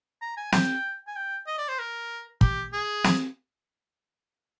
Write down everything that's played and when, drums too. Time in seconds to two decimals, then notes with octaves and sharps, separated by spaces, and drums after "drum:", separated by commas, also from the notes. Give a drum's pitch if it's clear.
0.22 A#5
0.37 G#5
0.52 G5, drum: snare
1.07 G#5
1.16 G5
1.47 D#5
1.58 D5
1.68 C5
1.79 A#4
2.41 G4, drum: kick
2.73 G#4
3.04 drum: snare